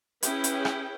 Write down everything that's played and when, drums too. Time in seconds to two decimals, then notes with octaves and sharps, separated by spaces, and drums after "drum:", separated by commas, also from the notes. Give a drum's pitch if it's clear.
0.23 C#4 E4 G#4 B4 G5, drum: hi-hat
0.44 drum: hi-hat
0.65 drum: rim click